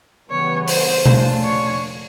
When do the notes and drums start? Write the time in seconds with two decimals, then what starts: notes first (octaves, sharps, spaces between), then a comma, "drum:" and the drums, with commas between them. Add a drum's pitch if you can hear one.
0.30 C#3 E3 G3 B3 C#5
0.68 C5, drum: open hi-hat
1.06 C#3 F3 A3 D4 F4, drum: tom B2
1.44 C#5